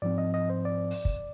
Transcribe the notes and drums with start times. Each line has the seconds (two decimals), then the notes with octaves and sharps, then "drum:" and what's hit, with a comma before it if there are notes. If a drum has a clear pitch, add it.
0.02 G#2 F3 C4 D5
0.18 D#5
0.34 D#5
0.50 C5
0.65 D5
0.91 drum: open hi-hat
1.05 drum: kick